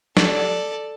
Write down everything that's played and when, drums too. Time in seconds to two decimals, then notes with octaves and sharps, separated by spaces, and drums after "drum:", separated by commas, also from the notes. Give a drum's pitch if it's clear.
0.17 A4 D5, drum: snare